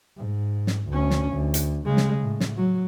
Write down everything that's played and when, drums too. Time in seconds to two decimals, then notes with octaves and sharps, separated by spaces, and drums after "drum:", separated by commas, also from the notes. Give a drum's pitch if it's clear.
0.17 G#2
0.67 drum: snare
0.89 D2 C#4
1.10 drum: snare
1.33 D2
1.54 drum: hi-hat
1.85 C#3 G#3
1.97 drum: snare
2.21 A2
2.40 drum: snare
2.57 F#3